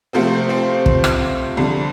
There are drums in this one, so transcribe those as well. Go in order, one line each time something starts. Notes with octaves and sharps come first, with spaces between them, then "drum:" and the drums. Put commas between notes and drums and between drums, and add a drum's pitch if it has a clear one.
C3 F3 A3 C4 C5
C4 C5
drum: kick
drum: rim click
F2 D3 G3